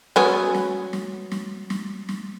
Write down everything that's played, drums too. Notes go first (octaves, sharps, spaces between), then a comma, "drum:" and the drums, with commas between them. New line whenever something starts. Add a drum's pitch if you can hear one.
F#3 B3 C#4, drum: snare
drum: snare
drum: snare
drum: snare
drum: snare
drum: snare